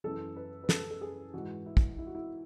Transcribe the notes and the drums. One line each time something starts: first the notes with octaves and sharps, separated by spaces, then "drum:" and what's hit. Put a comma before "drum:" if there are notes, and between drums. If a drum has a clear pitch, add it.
F#2 E3 A4
B4
B4
A4, drum: snare
A4
G#4
G#2 E3 F#4
E4
drum: kick
E4
F#4
E4